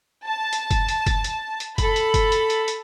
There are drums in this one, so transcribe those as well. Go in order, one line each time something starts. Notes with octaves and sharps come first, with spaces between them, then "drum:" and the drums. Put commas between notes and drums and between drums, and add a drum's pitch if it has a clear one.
A5
drum: hi-hat
drum: kick F#1, hi-hat
drum: hi-hat
drum: kick F#1, hi-hat
drum: hi-hat
drum: hi-hat
A4 B5, drum: kick F#1, hi-hat
drum: hi-hat
drum: kick F#1, hi-hat
drum: hi-hat
drum: hi-hat
drum: hi-hat